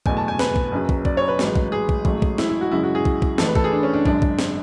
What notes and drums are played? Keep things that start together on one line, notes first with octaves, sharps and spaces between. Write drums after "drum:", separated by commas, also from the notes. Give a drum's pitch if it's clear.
F#1 E2 B2 A3 G#5, drum: kick
A5
G#5
B4, drum: snare
drum: kick
F#1 F#2 C#3 F#3
drum: kick
D5, drum: kick
C#5
B4
A1 G#2 F#3, drum: snare
drum: kick
G#4
drum: kick
A1 G#2 F#3 A3, drum: kick
drum: kick
E4, drum: snare
E4
F#4
F#2 C#3 G#3 E4
F#4
G#4
drum: kick
drum: kick
A1 A2 E3 A4, drum: snare
B4
A4, drum: kick
G#4
D4
C#4
D4
G#1 F#2 C#3 G#3 D4, drum: kick
drum: kick
drum: snare